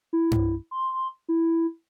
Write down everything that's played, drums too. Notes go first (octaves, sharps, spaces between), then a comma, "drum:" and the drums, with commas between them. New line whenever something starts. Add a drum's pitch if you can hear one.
E4
drum: tom G2
C6
E4